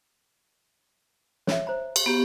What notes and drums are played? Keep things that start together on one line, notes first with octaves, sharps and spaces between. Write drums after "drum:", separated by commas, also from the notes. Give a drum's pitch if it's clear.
C#5 E5, drum: snare
C5 A#5
drum: cymbal
B3 F#4 G4 A#5